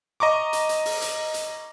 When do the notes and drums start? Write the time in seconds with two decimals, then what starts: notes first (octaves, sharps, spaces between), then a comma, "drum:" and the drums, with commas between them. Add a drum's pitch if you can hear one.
0.20 D#5 A#5 C#6 D6
0.53 drum: hi-hat
0.69 drum: hi-hat
0.85 drum: open hi-hat
1.02 drum: hi-hat
1.34 drum: hi-hat